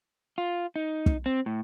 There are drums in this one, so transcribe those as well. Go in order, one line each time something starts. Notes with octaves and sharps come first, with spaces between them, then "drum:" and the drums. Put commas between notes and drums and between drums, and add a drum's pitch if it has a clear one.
F4
D#4
drum: kick
C4
A2